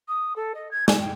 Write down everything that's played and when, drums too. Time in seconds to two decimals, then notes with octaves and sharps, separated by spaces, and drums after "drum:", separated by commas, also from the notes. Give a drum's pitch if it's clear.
0.08 D#6
0.36 A4
0.55 D#5
0.71 G#6
0.88 G#5, drum: snare
1.00 G5